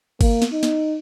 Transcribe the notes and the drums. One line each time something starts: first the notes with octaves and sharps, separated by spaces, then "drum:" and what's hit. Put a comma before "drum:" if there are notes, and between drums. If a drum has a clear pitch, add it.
A#3, drum: kick G1, cymbal
drum: snare
D#4
drum: snare